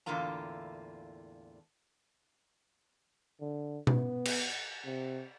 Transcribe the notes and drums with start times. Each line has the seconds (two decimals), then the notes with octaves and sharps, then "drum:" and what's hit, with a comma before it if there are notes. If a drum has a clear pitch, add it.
0.06 E2 A2 D3 A#3 F4 A#5
3.41 D3
3.87 B3, drum: tom B2
4.25 drum: cymbal
4.85 C3